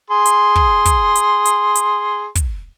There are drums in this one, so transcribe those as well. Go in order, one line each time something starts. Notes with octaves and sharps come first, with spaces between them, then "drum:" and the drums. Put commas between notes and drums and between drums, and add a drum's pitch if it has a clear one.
G#4 C6
drum: hi-hat
drum: kick
drum: kick, hi-hat
drum: hi-hat
drum: hi-hat
drum: hi-hat
drum: kick, hi-hat